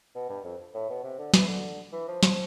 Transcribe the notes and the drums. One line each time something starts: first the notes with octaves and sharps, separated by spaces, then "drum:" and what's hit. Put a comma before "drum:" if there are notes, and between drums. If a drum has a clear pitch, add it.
B2
G2
F2
A2
B2
C3
D3
E3, drum: snare
D3
E3
F3
F3, drum: snare